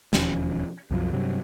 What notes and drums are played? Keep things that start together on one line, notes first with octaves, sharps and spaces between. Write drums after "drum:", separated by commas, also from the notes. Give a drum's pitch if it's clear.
E1 D#2 F3 C#4, drum: snare
C2 F#2 F3
G2 C3 F#3